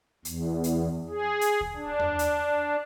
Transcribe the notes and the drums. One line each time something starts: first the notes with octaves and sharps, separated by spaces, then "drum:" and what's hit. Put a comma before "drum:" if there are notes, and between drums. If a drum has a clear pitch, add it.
E2, drum: hi-hat
drum: hi-hat
G#4
drum: hi-hat
drum: kick D2
D4
drum: tom E2
drum: hi-hat